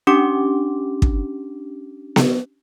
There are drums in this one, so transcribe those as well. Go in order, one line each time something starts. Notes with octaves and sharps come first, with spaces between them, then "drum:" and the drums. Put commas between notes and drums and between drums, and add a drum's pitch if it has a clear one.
C#4 D4 G4 D6
drum: kick
drum: snare B3